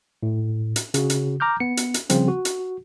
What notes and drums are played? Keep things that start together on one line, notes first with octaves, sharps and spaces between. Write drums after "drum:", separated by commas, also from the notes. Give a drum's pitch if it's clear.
A2
drum: hi-hat
C#3 F#4, drum: hi-hat
drum: hi-hat
A#5 D6 F6 G6
B3 C#7
drum: hi-hat
drum: hi-hat
C#3 F3 G3 C4, drum: hi-hat
F#4
drum: hi-hat